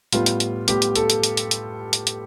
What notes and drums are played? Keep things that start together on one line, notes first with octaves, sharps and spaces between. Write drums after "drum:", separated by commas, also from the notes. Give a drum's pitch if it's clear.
A2 G3 B3 F4, drum: hi-hat
drum: hi-hat
drum: hi-hat
A2 G3 B3 G4, drum: hi-hat
drum: hi-hat
A4, drum: hi-hat
drum: hi-hat
drum: hi-hat
drum: hi-hat
drum: hi-hat
drum: hi-hat
drum: hi-hat